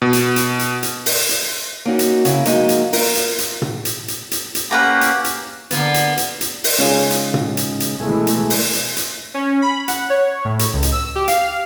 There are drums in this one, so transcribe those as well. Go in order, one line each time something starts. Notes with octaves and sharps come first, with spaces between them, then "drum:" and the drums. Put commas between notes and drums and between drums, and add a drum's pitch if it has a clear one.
B2
drum: hi-hat
drum: hi-hat
drum: hi-hat
drum: hi-hat
drum: open hi-hat
drum: hi-hat
A#3 C#4 D#4 F#4
drum: hi-hat
C#3 E4 A#4, drum: hi-hat
F3 F#3 G#3 A#3 D#4 F4, drum: hi-hat
drum: hi-hat
F4 A#4, drum: open hi-hat
drum: hi-hat
drum: hi-hat
drum: tom
drum: hi-hat
drum: hi-hat
drum: hi-hat
drum: hi-hat
A#3 C#4 G4 B4 F#5 A#5
drum: hi-hat
drum: hi-hat
D3 A#3 B3, drum: hi-hat
drum: hi-hat
drum: hi-hat
drum: hi-hat
drum: open hi-hat
C#3 G#3 C#4 D#4 F4 G#4
drum: hi-hat
drum: tom
drum: hi-hat
drum: hi-hat
B2 E3 G#3 A3 E4 G#5
drum: hi-hat
drum: open hi-hat
drum: hi-hat
drum: hi-hat
C#4
B5
F#5, drum: hi-hat
C#5
A2
drum: hi-hat
C#2
drum: hi-hat
E6
G4
F5, drum: hi-hat